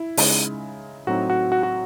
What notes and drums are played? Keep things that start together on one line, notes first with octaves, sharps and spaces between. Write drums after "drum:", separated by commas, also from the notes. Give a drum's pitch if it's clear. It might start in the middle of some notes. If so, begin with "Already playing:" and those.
Already playing: E4
C#3 G#3 D#4, drum: open hi-hat
A2 F#3 C4 D#4 F#4
F#4
F#4
F#4